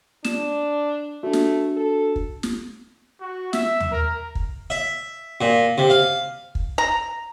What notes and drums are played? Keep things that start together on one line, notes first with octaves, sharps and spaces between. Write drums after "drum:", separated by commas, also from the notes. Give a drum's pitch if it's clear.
D4 E7, drum: snare
A3 D4 F#4
drum: snare
A4
drum: kick
drum: snare
F#4
E5, drum: snare
drum: tom D#2
A#4
drum: kick
E5
A#2
C3
F5
drum: kick
A#5